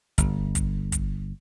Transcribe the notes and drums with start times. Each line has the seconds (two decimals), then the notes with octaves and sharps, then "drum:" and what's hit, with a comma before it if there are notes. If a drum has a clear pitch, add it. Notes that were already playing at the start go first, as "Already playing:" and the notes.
0.18 G1, drum: kick, hi-hat
0.55 drum: kick, hi-hat
0.92 drum: kick, hi-hat